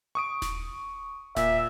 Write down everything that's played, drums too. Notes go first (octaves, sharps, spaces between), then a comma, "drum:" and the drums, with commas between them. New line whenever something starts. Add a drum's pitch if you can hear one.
C#6 D#6 D7
drum: snare D#1
A#2 E5, drum: snare D#1